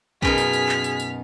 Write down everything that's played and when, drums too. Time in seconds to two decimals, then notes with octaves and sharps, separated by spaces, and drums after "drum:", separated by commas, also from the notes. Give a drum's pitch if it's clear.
0.22 F#2 B2 D#4 G#4 F6 B6, drum: kick
0.38 drum: tambourine
0.53 drum: tambourine
0.69 drum: clap
0.84 drum: tambourine
1.00 drum: tambourine